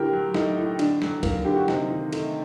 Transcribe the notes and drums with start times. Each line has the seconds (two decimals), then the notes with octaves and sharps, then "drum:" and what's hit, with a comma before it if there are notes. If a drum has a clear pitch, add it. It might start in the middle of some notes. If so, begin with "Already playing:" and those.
Already playing: A2 D3 G4 A#4
0.13 F#3
0.34 A3 D#4, drum: snare
0.57 A2
0.79 D3 D4, drum: cymbal
1.02 F#3, drum: snare
1.23 A#3, drum: kick C#2, cymbal
1.45 D3 G4
1.56 F#4
1.68 C3 D#4, drum: snare
1.90 D#3
2.13 A3, drum: cymbal